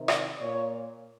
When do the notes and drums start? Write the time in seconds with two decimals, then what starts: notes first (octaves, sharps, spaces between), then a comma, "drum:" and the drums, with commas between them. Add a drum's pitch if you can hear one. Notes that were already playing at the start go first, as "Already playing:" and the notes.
Already playing: C3 D#3
0.08 D5, drum: rim click
0.39 A#2 C#5